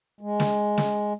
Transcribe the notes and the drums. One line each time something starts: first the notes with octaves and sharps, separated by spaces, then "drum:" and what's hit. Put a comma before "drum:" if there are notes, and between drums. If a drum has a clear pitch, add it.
G#3
drum: snare
drum: snare